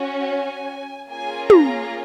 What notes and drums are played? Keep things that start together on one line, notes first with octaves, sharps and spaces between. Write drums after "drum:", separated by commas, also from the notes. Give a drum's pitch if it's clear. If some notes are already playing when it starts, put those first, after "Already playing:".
Already playing: C#4 F#4
G#5
A#3 C#4 F4 G#4 G#5
A#5, drum: tom